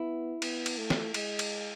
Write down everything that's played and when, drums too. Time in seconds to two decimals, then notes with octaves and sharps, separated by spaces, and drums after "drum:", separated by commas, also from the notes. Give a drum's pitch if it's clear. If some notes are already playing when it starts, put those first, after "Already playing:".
Already playing: B3 E4
0.42 B3, drum: cymbal
0.66 drum: cymbal
0.78 A3
0.90 drum: snare
1.14 G#3, drum: cymbal
1.39 drum: cymbal